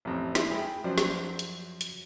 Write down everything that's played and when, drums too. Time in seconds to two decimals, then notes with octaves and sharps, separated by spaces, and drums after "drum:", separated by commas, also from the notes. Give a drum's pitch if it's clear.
0.05 A1 F2
0.35 E4, drum: snare
0.50 G#3 G5 B5
0.84 F#2 F3 F#3 C5 D5
0.98 drum: snare
1.39 drum: hi-hat
1.81 drum: hi-hat